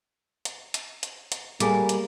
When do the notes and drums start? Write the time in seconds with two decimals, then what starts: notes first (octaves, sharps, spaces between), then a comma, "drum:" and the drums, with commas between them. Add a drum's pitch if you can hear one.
0.45 drum: hi-hat
0.74 drum: hi-hat
1.03 drum: hi-hat
1.32 drum: hi-hat
1.60 G3 A#3 G#4 A4 G#5, drum: hi-hat
1.89 drum: hi-hat